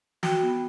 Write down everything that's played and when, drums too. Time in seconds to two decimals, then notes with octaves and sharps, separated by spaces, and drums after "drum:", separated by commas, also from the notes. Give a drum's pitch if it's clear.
0.23 F#4 G5, drum: snare
0.43 B3